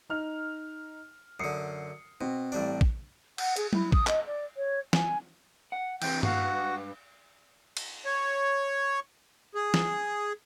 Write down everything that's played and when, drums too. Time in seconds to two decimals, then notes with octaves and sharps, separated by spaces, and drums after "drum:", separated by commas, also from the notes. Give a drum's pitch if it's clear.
0.09 D#4 F6
1.40 F#2 D3 D#6 C7 C#7
2.21 B2 C4
2.52 A1 G3 D4
2.81 drum: kick
3.38 F#5, drum: cymbal
3.56 G#4, drum: hi-hat
3.73 E4, drum: tom F#3
3.92 D#6, drum: kick
4.07 D#5, drum: clap
4.26 D5
4.56 C#5
4.93 G#5, drum: snare
5.72 F#5
6.02 E3 C4 G4 G5, drum: cymbal
6.23 G2 F#4 F5, drum: tom G2
7.77 drum: cymbal
8.06 C#5
9.55 G#4
9.74 drum: snare